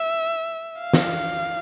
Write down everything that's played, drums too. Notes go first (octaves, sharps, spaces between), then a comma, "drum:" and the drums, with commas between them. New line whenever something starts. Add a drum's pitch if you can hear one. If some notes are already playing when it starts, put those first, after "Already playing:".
Already playing: E5
F5
drum: snare